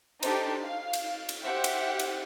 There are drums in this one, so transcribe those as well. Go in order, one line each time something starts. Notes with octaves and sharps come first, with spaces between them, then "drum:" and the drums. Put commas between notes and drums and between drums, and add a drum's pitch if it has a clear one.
D4 D#4 G4 A4 C5, drum: cymbal
F5
drum: cymbal
drum: cymbal
G4 C5 E5 F#5 G5
drum: cymbal
drum: cymbal